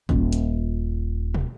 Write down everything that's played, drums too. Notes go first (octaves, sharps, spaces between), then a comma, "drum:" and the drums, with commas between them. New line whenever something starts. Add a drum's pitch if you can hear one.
D#1 F4, drum: kick
drum: hi-hat
drum: tom B2